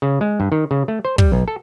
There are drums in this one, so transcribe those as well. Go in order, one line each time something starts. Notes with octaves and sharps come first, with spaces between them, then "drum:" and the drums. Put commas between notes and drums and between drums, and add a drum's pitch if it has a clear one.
C#3
G#3
G2
D#3
C#3
A3
C5
G3, drum: kick
B1
A4